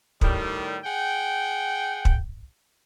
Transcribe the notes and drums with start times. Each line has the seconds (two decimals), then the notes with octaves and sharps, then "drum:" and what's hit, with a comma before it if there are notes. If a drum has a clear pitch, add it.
0.21 A2 D#3 G3, drum: kick
0.85 G#4 F#5 G5
2.05 drum: kick